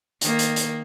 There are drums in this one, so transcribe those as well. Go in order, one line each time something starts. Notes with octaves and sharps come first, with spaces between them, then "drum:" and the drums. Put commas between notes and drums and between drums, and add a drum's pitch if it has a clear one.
D#3 A#3, drum: hi-hat
drum: hi-hat
drum: hi-hat